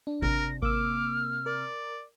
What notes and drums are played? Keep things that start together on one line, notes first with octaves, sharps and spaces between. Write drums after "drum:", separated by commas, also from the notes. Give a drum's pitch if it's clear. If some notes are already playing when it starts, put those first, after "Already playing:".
D4
C3 A#4 A#6, drum: kick G#1
A#3 D6 E6 F6, drum: kick G#1
A#4 D5